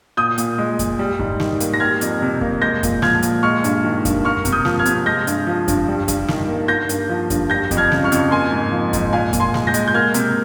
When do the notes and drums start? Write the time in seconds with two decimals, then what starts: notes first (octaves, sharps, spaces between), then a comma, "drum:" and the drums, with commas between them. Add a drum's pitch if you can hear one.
0.17 A#2 D#6 G6
0.38 A#2, drum: hi-hat
0.58 G#3
0.79 G#3, drum: kick F2, hi-hat
0.99 G3
1.19 G#2, drum: kick F2
1.40 D#3, drum: snare
1.60 A#3, drum: hi-hat
1.74 A#6
1.80 G3 F6 G#6
2.01 F2, drum: hi-hat
2.22 C3
2.41 A#3, drum: kick F2
2.61 G#3 G6 A#6
2.83 A#2, drum: kick F2, hi-hat
3.02 F3 F6 G#6, drum: snare
3.22 A#2, drum: hi-hat
3.43 G#3 C#6 F6
3.64 G2, drum: hi-hat
3.84 D#3
4.05 G2, drum: kick F2, hi-hat
4.25 A#3 C#6 F6
4.45 C3, drum: kick F2, hi-hat
4.52 D#6 G6
4.65 F3, drum: snare
4.79 F6 G#6
4.85 C3, drum: hi-hat
5.06 G#3 G6 A#6
5.27 G2, drum: hi-hat
5.47 F3
5.68 G2, drum: kick F2, hi-hat
5.88 G3
6.08 G2, drum: kick F2, hi-hat
6.28 D#3, drum: snare
6.48 A#3
6.68 A#3 G6 A#6
6.89 G2, drum: hi-hat
7.09 F3
7.30 G2, drum: kick F2, hi-hat
7.50 G3 G6 A#6
7.71 F2, drum: kick F2, hi-hat
7.77 F6 G#6
7.92 C#3, drum: snare
8.04 C#6 F6
8.12 F2, drum: hi-hat
8.31 A#3 G#5 C6
8.52 G#2
8.72 F3
8.93 G#2, drum: kick F2, hi-hat
9.12 A#2 F5 G#5
9.33 A#2, drum: kick F2, hi-hat
9.40 G#5 C6
9.54 G#3, drum: snare
9.67 G6 A#6
9.74 G#3, drum: hi-hat
9.88 G6
9.94 A#3 F6 G#6
10.14 C3, drum: hi-hat